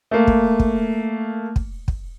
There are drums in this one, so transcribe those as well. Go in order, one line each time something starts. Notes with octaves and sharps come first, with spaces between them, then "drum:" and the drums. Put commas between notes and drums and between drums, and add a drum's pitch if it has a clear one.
A3 A#3
drum: kick
drum: kick
drum: kick
drum: kick